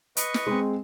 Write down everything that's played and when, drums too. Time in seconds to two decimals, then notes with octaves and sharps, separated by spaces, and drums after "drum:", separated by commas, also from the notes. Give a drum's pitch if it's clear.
0.17 B4 D#5 C#6, drum: hi-hat
0.34 drum: snare
0.47 G#3 C4